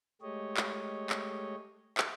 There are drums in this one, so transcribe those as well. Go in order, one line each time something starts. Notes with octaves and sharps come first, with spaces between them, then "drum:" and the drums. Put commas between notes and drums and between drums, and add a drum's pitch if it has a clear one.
G#3 A3 G4 C#5 D#5
drum: clap
drum: clap
drum: clap